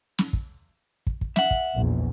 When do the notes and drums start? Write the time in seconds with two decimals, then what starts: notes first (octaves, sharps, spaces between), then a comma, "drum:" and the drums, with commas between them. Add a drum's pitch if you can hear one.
0.18 drum: snare
0.33 drum: kick
1.07 drum: kick
1.21 drum: kick
1.36 E5 F#5, drum: snare
1.51 drum: kick
1.75 A#1 E2